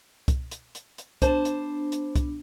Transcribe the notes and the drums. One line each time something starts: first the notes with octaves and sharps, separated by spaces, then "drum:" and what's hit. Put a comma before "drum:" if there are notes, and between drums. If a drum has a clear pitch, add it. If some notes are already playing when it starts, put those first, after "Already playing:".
drum: kick C2, hi-hat
drum: hi-hat
drum: hi-hat
drum: hi-hat
B3 D4 C5 A5, drum: kick C2, hi-hat
drum: hi-hat
drum: hi-hat
drum: kick C2, hi-hat